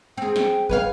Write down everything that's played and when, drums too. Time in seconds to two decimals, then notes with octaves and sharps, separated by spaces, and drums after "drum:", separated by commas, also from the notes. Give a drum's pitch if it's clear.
0.17 C4 G#4 G5
0.36 drum: snare
0.69 B4 C#5 F5, drum: kick G1